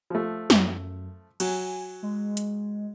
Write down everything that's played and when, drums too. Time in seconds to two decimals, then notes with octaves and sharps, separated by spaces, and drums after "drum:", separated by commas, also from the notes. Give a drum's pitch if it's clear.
0.10 F3 A3
0.50 F#2, drum: snare
1.40 F#3 G#5, drum: cymbal
2.03 G#3
2.37 drum: hi-hat